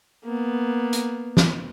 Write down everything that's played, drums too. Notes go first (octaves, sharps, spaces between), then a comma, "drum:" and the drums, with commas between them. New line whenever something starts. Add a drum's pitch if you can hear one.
A#3 B3
drum: hi-hat
drum: snare